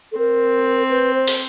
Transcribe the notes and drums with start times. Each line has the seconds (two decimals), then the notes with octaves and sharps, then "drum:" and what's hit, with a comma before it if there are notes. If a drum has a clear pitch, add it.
0.12 A4
0.18 C4 A#4
0.90 B4
1.14 C5
1.27 drum: open hi-hat